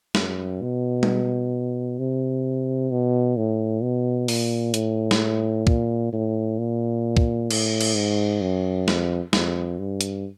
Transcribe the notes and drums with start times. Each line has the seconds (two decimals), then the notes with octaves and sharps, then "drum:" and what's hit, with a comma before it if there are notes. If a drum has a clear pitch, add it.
0.15 F#2, drum: snare
0.62 B2
1.03 drum: tom G3
1.99 C3
2.91 B2
3.37 A2
3.83 B2
4.28 A#2, drum: open hi-hat
4.74 A2, drum: hi-hat
5.11 drum: snare
5.67 A#2, drum: kick
6.13 A2
6.59 A#2
7.17 drum: kick
7.51 A2, drum: cymbal
7.81 drum: cymbal
7.96 G#2
8.42 F#2
8.88 F2, drum: snare
9.33 F2, drum: snare
9.79 G2
10.01 drum: hi-hat